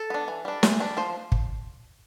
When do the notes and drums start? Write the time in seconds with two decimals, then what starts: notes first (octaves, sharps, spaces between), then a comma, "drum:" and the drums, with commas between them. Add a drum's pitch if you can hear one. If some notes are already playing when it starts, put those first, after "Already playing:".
Already playing: A4
0.10 B3 D4
0.28 E3
0.45 G3 D4
0.63 E3, drum: snare
0.80 G3 D4
0.97 F3 C5
1.32 drum: kick